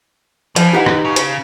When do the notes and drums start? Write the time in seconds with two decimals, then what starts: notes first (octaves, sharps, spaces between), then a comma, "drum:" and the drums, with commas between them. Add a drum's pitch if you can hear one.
0.56 E3 F3, drum: hi-hat
0.73 D#4 G4 B4 F#5
0.86 drum: rim click
1.05 C#3
1.16 drum: hi-hat